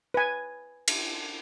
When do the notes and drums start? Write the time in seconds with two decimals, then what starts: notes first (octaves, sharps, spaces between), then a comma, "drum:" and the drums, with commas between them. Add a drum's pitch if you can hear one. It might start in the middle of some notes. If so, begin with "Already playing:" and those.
0.14 B4 G#5
0.88 drum: cymbal